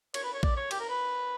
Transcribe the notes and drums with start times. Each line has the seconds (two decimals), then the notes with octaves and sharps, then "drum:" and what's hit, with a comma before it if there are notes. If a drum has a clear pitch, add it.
0.14 C#5, drum: cymbal
0.23 B4
0.33 C#5
0.43 D5, drum: kick A#1
0.56 C#5
0.71 G4, drum: cymbal
0.80 A#4
0.89 B4